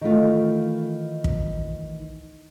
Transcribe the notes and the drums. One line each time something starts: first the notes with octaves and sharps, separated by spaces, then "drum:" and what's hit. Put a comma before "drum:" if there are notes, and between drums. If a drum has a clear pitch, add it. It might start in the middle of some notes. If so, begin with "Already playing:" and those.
D#3 E3 A3 F4
drum: kick